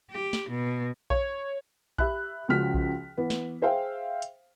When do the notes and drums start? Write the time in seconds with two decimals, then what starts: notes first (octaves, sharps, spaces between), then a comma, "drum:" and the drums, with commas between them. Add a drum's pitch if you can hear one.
0.10 G4
0.33 drum: snare
0.49 B2
1.10 C#5, drum: kick A#1
1.98 G4 E5 B5 F#6, drum: kick A#1
2.48 C#2 C#3 F3 F#4 F6 B6
2.74 drum: kick A#1
3.18 E3 B3
3.30 drum: snare
3.62 G#4 C5 E5 F5 G5
4.22 drum: hi-hat